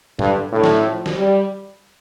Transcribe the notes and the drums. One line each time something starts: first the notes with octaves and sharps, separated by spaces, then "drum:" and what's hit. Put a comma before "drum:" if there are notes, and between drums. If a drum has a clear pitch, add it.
G2 D3, drum: tom G#2
A2 D3
drum: snare
F3
drum: snare
G3